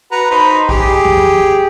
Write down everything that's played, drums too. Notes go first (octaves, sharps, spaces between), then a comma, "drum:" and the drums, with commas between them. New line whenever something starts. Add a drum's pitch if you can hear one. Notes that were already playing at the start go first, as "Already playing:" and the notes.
F#4 B4 A#5
D#4 C5 B5
G4 G#4 G5, drum: kick A#1
drum: tom E2